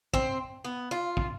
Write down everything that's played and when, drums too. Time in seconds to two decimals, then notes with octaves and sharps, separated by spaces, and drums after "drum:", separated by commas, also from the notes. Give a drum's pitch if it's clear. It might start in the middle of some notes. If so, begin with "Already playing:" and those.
0.14 C4, drum: kick
0.65 B3
0.91 F4
1.17 drum: kick